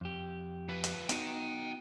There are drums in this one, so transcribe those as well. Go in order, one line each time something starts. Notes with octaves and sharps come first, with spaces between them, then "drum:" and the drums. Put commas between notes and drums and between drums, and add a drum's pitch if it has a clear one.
F2 G4
F3 B4
drum: hi-hat
B3 D#4 F#4 G5 A#5, drum: hi-hat